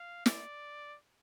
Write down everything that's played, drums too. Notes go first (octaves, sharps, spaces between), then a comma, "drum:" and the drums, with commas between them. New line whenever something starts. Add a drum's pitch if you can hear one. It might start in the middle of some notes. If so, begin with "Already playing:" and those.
Already playing: F5
D5, drum: snare